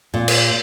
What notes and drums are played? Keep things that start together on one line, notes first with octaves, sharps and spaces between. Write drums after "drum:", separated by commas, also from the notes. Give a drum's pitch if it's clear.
A#2
drum: cymbal